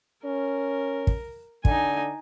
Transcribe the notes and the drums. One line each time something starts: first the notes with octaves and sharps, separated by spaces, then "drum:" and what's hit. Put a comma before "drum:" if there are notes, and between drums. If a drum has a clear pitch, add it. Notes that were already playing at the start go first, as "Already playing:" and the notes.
C#4 A#4
drum: kick
D3 D#4 G#5, drum: kick